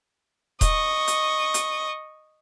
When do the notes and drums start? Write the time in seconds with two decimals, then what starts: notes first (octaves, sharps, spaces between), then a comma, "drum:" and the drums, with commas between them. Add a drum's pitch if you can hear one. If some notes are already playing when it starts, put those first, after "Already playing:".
0.61 D#5 C#6, drum: kick D#1, hi-hat
1.08 drum: hi-hat
1.54 drum: hi-hat